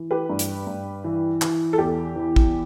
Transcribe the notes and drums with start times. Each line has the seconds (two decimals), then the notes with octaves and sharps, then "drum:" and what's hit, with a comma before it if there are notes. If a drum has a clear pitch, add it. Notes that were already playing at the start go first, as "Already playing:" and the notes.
Already playing: E3
0.11 G4 B4
0.29 G2
0.39 drum: hi-hat
0.67 G2
1.04 E3
1.42 E3, drum: clap
1.73 A4
1.78 E2 G4
2.15 E3
2.36 drum: kick